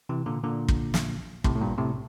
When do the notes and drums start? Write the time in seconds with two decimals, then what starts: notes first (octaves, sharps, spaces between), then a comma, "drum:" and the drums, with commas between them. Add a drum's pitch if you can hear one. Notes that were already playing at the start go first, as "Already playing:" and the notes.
0.09 C3 E3
0.26 A#2 D3
0.43 A#2 D3
0.68 drum: kick
0.94 drum: snare
1.44 A2 C3, drum: kick
1.55 A2
1.61 G2 A#2
1.78 A2 C3